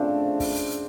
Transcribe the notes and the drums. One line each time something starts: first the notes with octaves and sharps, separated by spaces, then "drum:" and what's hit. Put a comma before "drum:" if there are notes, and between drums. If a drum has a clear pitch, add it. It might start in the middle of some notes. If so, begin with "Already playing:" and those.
Already playing: C#3 F3 A3 C4 D4
drum: kick, open hi-hat
drum: hi-hat
drum: hi-hat